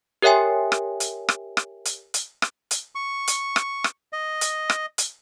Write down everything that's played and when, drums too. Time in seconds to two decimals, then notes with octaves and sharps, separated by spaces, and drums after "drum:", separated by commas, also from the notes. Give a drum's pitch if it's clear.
0.22 G4 A#4 C#5 E5 G5 G#5
0.72 drum: rim click
1.00 drum: hi-hat
1.29 drum: rim click
1.57 drum: rim click
1.85 drum: hi-hat
2.14 drum: hi-hat
2.42 drum: rim click
2.71 drum: hi-hat
2.95 C#6
3.27 drum: hi-hat
3.56 drum: rim click
3.84 drum: rim click
4.13 D#5
4.41 drum: hi-hat
4.70 drum: rim click
4.98 drum: hi-hat